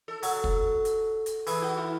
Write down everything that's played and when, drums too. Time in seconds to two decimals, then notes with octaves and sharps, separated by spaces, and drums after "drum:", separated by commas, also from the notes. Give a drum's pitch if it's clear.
0.08 A4
0.23 F#3, drum: open hi-hat
0.44 drum: kick
0.85 drum: hi-hat
1.26 drum: hi-hat
1.47 E3 G#4, drum: open hi-hat
1.62 F#4
1.77 E4